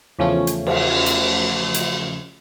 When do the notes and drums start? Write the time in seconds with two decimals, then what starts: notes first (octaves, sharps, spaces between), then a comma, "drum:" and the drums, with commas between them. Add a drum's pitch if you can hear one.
0.19 E2 C#3 F3 A3 C#4
0.47 drum: hi-hat
0.67 drum: cymbal
1.06 drum: hi-hat
1.74 drum: hi-hat